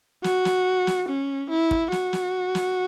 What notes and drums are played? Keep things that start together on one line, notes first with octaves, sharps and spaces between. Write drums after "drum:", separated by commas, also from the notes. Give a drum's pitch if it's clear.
F#4, drum: snare
drum: snare
drum: snare
C#4
E4
drum: kick
F#4, drum: snare
drum: snare
drum: snare